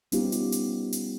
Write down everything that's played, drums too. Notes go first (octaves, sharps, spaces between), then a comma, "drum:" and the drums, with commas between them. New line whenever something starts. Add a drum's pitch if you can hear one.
G3 B3 C#4 D#4 F4 G4, drum: hi-hat
drum: hi-hat
drum: hi-hat
drum: hi-hat